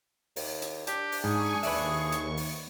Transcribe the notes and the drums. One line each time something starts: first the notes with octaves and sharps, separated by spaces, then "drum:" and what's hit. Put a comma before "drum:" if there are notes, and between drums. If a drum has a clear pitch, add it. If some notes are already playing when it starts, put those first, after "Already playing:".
D#2, drum: open hi-hat
drum: hi-hat
D4 G4, drum: hi-hat
drum: open hi-hat
G#2 G#4 G#5 C#6
D#2 B4 D5 E5 C#6, drum: open hi-hat
drum: hi-hat
drum: open hi-hat